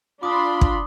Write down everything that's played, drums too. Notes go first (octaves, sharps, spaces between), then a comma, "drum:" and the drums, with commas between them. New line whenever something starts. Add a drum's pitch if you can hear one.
D4 F4 B5 C6 D6 D#6
drum: kick